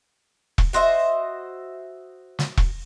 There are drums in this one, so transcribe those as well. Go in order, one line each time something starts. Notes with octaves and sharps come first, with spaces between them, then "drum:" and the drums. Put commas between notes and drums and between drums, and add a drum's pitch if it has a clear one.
drum: kick E1
F#4 C5 D#5 E5
drum: snare
drum: kick E1